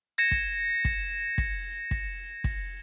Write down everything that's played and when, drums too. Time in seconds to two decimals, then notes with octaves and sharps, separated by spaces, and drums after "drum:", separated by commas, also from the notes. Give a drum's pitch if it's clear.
0.18 G#6 A#6 C#7 E7
0.31 drum: kick
0.85 drum: kick
1.38 drum: kick
1.91 drum: kick
2.44 drum: kick